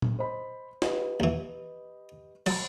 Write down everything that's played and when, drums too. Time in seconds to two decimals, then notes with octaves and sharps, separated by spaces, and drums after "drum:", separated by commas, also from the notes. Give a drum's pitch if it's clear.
0.02 drum: tom
0.19 C5 D#5 B5
0.82 G4 B4 D#5, drum: snare
1.20 D#2 E3
2.46 F#3 A6, drum: cymbal